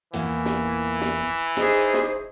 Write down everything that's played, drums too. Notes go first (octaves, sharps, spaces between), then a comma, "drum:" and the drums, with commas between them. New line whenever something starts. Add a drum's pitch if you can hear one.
E2 A#2 E3 A#3
drum: snare
drum: snare
D#4 G#4 C5, drum: snare
drum: snare